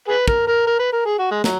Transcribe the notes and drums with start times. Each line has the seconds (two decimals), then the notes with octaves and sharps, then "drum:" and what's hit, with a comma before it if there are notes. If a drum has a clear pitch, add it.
0.08 G#4 B4
0.28 A#4, drum: kick
0.47 A#4
0.67 A#4
0.79 B4
0.93 A#4
1.05 G#4
1.19 F#4
1.31 G#3
1.44 F#3, drum: snare